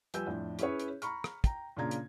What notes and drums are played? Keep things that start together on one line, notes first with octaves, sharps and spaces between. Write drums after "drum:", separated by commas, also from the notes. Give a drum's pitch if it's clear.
F3 G3 B4 G#5 E6 G6, drum: hi-hat
F2 A2 D4
C#4 E4 G#4 B4 C#5, drum: hi-hat
drum: hi-hat
A#5 B5 C#6 F6, drum: hi-hat
drum: rim click
G5 A#5, drum: kick, hi-hat
A#2 C#3 D4 A#5 G#6
drum: hi-hat